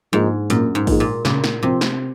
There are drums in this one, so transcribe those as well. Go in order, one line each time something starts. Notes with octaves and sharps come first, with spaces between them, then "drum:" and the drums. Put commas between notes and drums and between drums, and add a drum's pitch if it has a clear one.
G#2 F3 A#3 D#4 G#4
F#2 A#2, drum: hi-hat
G#2
F3 A#3 D#4 G#4, drum: kick, open hi-hat
A#2
A#2 C#3, drum: snare
drum: snare
C3 F3 C4 F4
drum: snare